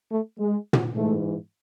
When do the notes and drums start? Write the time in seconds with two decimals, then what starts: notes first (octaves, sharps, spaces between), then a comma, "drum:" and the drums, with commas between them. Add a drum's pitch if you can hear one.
0.10 A3
0.38 G#3
0.73 drum: tom
0.96 G#2 E3 A3